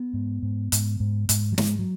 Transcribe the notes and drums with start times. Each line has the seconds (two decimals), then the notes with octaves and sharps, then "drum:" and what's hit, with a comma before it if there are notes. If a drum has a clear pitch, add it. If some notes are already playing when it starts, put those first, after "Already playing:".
Already playing: B3
0.14 G#2
0.42 G#2
0.72 G#2, drum: hi-hat
1.00 G#2
1.29 G#2, drum: hi-hat
1.52 F#3
1.58 G#2 G#3, drum: snare
1.79 F#3